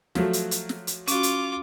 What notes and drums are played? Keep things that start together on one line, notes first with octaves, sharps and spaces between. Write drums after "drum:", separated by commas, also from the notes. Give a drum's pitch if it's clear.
F3 F#3 A3, drum: snare
drum: hi-hat
drum: hi-hat
drum: snare
drum: hi-hat
C#4 F4 F#4 D6, drum: hi-hat
drum: hi-hat